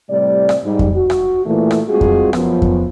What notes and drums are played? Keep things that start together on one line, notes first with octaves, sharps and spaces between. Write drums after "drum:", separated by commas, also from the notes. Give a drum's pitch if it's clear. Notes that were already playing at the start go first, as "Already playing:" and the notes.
A2 C3 G3 D5
drum: rim click
G#2 G3
drum: kick F2
F#4
drum: rim click
A#2 E3 A3
drum: rim click
G3 G#3 C4 F4 F#4 G#4
drum: kick F2
F#2 F3 B3, drum: rim click
drum: kick F2